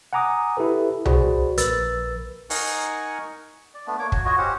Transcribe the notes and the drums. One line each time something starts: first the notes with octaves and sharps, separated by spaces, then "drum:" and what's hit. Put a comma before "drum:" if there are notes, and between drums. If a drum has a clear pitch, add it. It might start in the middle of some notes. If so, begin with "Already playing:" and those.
F#5 G#5 A#5 D6 D#6
E4 G4 A4 B4
F#4 G#4 C5 D5 B5, drum: tom C2
A#1 A#4 B4 E6 A6, drum: hi-hat
D#4 A#4 F#5 G#5 C#6, drum: open hi-hat
D5
A3 B3 D4
A#3 C#5 D6
F#4 C#5, drum: kick
F4 F#4 C#5 D#5
C#4 G4 C5 F#5